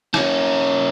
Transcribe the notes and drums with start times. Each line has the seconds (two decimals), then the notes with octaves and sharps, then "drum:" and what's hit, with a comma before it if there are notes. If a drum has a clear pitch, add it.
0.14 A#3 C#4, drum: rim click